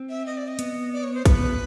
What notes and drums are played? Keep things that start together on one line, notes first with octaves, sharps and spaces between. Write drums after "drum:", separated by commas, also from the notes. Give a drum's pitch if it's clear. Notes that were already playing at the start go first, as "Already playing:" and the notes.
Already playing: C4
E5
D#5
D5
D#5
B3, drum: hi-hat
D5
C#5
C5
B3 B4, drum: kick, hi-hat